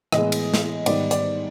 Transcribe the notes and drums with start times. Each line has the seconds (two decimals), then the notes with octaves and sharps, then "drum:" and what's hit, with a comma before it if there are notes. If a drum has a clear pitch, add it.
0.12 A2 E3 G#3 B3 D#5, drum: rim click
0.32 drum: cymbal
0.54 drum: snare
0.86 G#2 D#3 G3 B3 D5, drum: cymbal
1.11 D5, drum: hi-hat